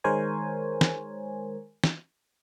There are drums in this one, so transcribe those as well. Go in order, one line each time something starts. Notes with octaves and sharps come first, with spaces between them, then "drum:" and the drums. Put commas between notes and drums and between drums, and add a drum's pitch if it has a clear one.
D#3 G#3 A#4 C5 C#5 G#5
drum: snare
drum: snare